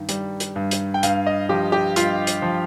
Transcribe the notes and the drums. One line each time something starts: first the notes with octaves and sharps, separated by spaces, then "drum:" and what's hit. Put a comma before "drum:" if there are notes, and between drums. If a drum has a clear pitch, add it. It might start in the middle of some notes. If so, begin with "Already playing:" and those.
Already playing: G2 D#3
G3, drum: hi-hat
drum: hi-hat
G2
drum: hi-hat
G5
G2 F5, drum: hi-hat
D#5
F3 G4
G4
G2 F4, drum: hi-hat
drum: hi-hat
F3